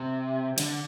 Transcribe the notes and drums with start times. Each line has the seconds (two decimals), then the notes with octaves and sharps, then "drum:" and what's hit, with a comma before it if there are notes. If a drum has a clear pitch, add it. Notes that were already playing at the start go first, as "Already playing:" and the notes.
Already playing: C3
0.58 D3, drum: cymbal